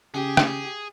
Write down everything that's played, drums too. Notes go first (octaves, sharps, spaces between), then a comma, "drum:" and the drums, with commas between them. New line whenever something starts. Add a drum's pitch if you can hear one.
C#3 G4 G#4
drum: rim click